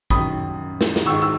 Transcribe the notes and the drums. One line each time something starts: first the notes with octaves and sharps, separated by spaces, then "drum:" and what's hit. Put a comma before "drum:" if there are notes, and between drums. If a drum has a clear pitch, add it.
F#2 D#3 B5 D#6, drum: kick
drum: snare
drum: snare
G#2 D#3 C#6 E6
E6